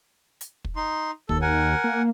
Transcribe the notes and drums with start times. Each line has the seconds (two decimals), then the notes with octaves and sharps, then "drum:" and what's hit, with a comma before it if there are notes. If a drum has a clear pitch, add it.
0.41 drum: hi-hat
0.65 drum: kick
0.76 D#4 C6
1.29 D#2 A4, drum: kick
1.42 A#4 F#5 G#5
1.84 A#3